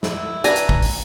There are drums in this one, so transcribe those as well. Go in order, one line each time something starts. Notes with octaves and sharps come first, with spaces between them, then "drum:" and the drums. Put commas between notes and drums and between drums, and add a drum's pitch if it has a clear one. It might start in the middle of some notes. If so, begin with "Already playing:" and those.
E4, drum: snare
D4 B4 G#5 A#5, drum: hi-hat
drum: hi-hat
drum: kick
drum: open hi-hat